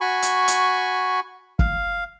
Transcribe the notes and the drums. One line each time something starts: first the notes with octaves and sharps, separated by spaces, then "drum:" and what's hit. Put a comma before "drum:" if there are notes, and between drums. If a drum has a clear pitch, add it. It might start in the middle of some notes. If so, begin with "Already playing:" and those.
F#4 G#5 B5 C#6
drum: hi-hat
drum: hi-hat
F5, drum: kick